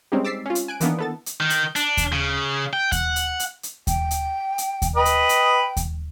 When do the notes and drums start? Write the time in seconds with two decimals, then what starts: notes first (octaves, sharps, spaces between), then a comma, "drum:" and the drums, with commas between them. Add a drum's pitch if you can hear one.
0.12 G3 G#3 C4 C#4 D#4 G4
0.25 D6 E6 A6 B6 C7
0.46 C#4 F4
0.55 drum: hi-hat
0.68 G#5 F#6 D7
0.80 D#3 E3 A#3 B3 D4, drum: hi-hat
0.99 B3 A4 A6
1.26 drum: hi-hat
1.40 D#3
1.50 drum: hi-hat
1.76 D4, drum: hi-hat
1.97 drum: kick D#2, hi-hat
2.13 C#3
2.73 G5
2.92 F#5, drum: kick D#2, hi-hat
3.16 drum: hi-hat
3.40 drum: hi-hat
3.63 drum: hi-hat
3.87 G5, drum: kick D#2, hi-hat
4.11 drum: hi-hat
4.58 drum: hi-hat
4.82 drum: kick D#2, hi-hat
4.96 B4 D#5 G5
5.05 drum: hi-hat
5.29 drum: hi-hat
5.77 drum: kick D#2, hi-hat